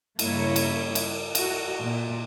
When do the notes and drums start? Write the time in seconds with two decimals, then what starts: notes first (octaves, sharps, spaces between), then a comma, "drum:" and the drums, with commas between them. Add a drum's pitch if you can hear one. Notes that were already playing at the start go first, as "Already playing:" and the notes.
0.19 G2 C#3 A#3 E4 C#5, drum: cymbal
0.56 drum: cymbal
0.95 drum: cymbal
1.35 F#4, drum: cymbal
1.81 A#2